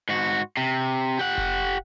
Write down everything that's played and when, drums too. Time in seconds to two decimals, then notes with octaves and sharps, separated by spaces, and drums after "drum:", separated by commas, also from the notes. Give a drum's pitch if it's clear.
0.09 G#2 F#4
0.57 C3
1.19 G4 F#5
1.38 drum: kick F1